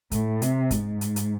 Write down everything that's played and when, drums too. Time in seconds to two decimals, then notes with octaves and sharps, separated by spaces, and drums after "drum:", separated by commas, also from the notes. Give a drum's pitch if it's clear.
0.12 A2, drum: kick, hi-hat
0.42 C3, drum: hi-hat
0.71 G#2, drum: kick, hi-hat
1.01 drum: hi-hat
1.16 drum: hi-hat